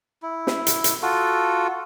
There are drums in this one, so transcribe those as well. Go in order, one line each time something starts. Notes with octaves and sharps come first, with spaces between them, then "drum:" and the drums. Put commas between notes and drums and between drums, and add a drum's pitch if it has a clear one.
E4
drum: snare
drum: hi-hat
drum: hi-hat
F4 F#4 A4